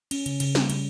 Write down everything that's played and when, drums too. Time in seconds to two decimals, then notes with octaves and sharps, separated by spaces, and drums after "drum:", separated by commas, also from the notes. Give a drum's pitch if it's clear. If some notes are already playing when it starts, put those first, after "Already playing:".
0.11 C#4, drum: cymbal
0.26 C#3, drum: cymbal
0.40 C#3, drum: cymbal
0.55 G3, drum: snare
0.70 C#3, drum: cymbal